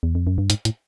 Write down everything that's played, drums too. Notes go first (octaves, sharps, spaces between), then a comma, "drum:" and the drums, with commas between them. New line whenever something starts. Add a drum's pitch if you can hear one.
E2
F2
F#2
G2
G#2, drum: hi-hat
A2, drum: hi-hat